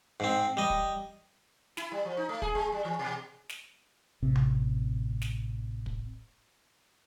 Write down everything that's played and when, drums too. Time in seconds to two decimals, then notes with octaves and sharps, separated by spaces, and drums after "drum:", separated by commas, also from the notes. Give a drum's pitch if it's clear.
0.20 G#2 C4
0.57 G3 D#5
0.70 drum: kick
1.77 E4, drum: snare
1.92 G3
2.05 F3
2.17 D#4
2.29 A3
2.42 G#4, drum: kick
2.55 G#3
2.72 G3
2.85 E3
2.99 B2
3.49 drum: snare
4.22 A1 C3
4.35 drum: tom C3
5.22 drum: snare
5.86 drum: kick